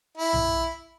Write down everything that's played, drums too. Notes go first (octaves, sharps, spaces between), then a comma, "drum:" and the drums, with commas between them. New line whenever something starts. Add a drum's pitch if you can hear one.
E4
drum: tom B1